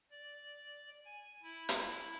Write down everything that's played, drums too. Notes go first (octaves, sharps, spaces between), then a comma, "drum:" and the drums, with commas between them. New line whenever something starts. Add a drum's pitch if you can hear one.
D5
G#5
E4
drum: hi-hat